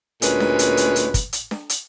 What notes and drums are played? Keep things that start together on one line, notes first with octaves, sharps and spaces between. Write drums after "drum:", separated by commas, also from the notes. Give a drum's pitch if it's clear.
D2 A#2 G#3 C#4 B4, drum: hi-hat
drum: snare D4
drum: hi-hat
drum: hi-hat
drum: hi-hat
drum: kick, hi-hat
drum: hi-hat
drum: snare D4
drum: hi-hat